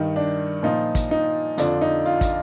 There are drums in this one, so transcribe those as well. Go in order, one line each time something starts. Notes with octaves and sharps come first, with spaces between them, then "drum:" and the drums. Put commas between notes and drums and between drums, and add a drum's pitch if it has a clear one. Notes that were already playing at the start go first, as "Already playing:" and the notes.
Already playing: G2 D#3 D#4
D4
A#2 F3 D#4
drum: kick, hi-hat
D#4
F2 D3 F3 D4, drum: hi-hat
D#4
F4
drum: kick, hi-hat